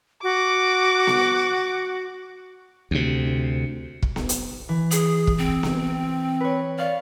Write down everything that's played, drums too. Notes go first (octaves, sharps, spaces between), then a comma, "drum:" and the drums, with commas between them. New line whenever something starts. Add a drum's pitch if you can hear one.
F#4 D6
drum: snare B3
D2 C3
drum: kick
drum: snare B3
drum: hi-hat
E3
G#4, drum: hi-hat
drum: kick
C4
drum: snare B3
B4 C#5
D5 F5 C#6